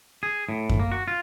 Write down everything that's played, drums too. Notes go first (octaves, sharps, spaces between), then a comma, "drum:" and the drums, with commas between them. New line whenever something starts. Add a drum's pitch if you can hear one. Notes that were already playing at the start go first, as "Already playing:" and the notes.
G#4
A2
drum: kick F#2
A#3
F#4
F4